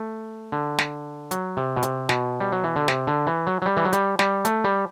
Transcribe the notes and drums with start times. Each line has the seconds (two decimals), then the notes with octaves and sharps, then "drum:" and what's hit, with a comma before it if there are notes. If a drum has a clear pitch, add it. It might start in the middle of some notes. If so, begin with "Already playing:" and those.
Already playing: A3
0.52 D3
0.78 drum: snare
1.31 F#3, drum: hi-hat
1.57 C3
1.76 B2
1.83 C3, drum: hi-hat
2.09 B2, drum: snare
2.40 G3
2.52 F#3
2.64 E3
2.76 D3
2.88 C3, drum: snare
3.07 D3
3.27 E3
3.47 F#3
3.62 F#3
3.66 G3
3.77 E3
3.85 F#3
3.93 G3, drum: hi-hat
4.19 G3, drum: snare
4.45 A3, drum: hi-hat
4.64 G3